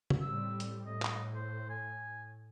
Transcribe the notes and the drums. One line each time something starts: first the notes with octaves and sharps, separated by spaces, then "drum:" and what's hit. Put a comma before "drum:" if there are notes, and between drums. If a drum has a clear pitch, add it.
drum: tom
A2 G3 C4 E6
drum: hi-hat
A2 D#5
drum: clap
C5
G#5